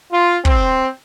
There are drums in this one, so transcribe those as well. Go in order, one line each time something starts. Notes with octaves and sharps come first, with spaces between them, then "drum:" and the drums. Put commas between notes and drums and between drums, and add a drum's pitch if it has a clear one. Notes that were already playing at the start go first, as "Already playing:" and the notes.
F4
C4, drum: kick